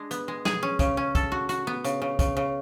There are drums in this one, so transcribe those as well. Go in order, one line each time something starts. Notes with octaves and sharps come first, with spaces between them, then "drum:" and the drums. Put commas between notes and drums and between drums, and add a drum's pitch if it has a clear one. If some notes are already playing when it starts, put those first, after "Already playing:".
Already playing: G#3 D4
B3, drum: hi-hat
G#3
G#4, drum: snare
C#4
C#3, drum: kick, hi-hat
C#4
A4, drum: kick, hi-hat
F#4
F#4, drum: hi-hat
B3
C#3, drum: hi-hat
C#3
C#3, drum: kick, hi-hat
C#3